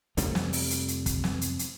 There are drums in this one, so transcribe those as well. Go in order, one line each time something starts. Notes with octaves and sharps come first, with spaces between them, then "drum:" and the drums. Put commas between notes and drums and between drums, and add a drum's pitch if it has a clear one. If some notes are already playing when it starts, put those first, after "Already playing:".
F2 C3 G3 A3, drum: hi-hat
drum: snare
drum: open hi-hat
drum: hi-hat
drum: hi-hat
drum: kick, hi-hat
drum: snare
drum: hi-hat
drum: hi-hat